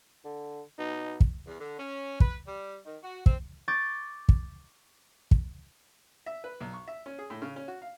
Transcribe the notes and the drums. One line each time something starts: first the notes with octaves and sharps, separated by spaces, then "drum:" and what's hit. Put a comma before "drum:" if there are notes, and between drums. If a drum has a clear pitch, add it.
D3
B2 D#4
drum: kick
E2
D3
C#4
B4, drum: kick
G3
D#3
F#4
C4, drum: kick
C#6 D6 G6 A6
drum: kick
drum: kick
E5
B4
B1
C#6
E5
C#4
G#4
A2
C#3
C#4
F#4
F5